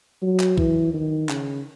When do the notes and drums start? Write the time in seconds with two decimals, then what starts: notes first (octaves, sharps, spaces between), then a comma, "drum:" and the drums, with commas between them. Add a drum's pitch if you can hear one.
0.22 F#3
0.40 drum: clap
0.58 E3, drum: kick B1
0.94 D#3
1.29 C#3, drum: clap